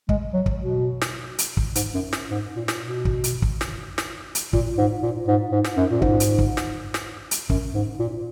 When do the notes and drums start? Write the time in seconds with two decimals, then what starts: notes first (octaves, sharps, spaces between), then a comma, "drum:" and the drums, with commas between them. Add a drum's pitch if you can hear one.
0.09 G#3, drum: kick
0.33 F#3
0.46 drum: kick
0.58 B2
1.01 drum: snare
1.39 drum: hi-hat
1.57 drum: kick
1.75 G#2, drum: hi-hat
1.94 F#2
2.13 drum: snare
2.31 G#2
2.56 A#2
2.68 drum: snare
2.81 B2
3.05 drum: kick
3.24 drum: hi-hat
3.42 drum: kick
3.61 drum: snare
3.98 drum: snare
4.35 drum: hi-hat
4.53 A#2, drum: kick
4.78 G#2
5.03 A#2
5.27 G#2
5.52 G#2
5.64 drum: snare
5.77 F#2
5.90 A#2
6.02 G#2, drum: kick
6.20 drum: hi-hat
6.39 drum: kick
6.57 drum: snare
6.94 drum: snare
7.31 drum: hi-hat
7.50 F#2, drum: kick
7.74 G#2
7.99 A#2